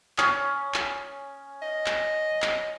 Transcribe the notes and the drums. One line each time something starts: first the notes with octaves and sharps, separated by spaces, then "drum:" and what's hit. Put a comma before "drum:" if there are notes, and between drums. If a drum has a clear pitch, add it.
C#4 D#6, drum: clap
drum: clap
D#5
drum: clap
drum: clap